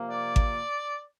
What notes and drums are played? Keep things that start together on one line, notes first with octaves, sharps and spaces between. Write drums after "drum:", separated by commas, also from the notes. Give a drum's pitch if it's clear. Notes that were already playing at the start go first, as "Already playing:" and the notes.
Already playing: C3 F3 A#3
D5
drum: kick G#1